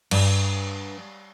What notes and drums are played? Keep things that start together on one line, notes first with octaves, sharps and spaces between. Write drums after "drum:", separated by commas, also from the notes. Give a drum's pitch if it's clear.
G2, drum: cymbal